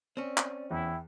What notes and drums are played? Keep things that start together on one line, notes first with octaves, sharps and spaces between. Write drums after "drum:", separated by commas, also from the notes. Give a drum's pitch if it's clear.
C4 C#4 D5
drum: clap
E2 E4 G5